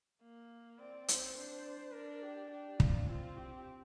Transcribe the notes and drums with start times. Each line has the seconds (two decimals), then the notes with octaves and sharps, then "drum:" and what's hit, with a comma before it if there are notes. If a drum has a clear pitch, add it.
0.22 A#3
0.79 C4 D5
1.08 C5, drum: hi-hat
1.36 D4 C5
1.93 D4 A#4
2.22 G4
2.51 D4 G4
2.80 F4, drum: kick
3.08 C4 F4
3.37 G4